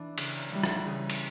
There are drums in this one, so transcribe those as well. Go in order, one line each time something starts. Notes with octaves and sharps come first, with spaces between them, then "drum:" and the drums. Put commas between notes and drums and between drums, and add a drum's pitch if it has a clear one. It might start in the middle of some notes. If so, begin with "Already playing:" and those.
Already playing: E3 D4
C#3, drum: cymbal
E3 G3
drum: rim click
C#3
drum: cymbal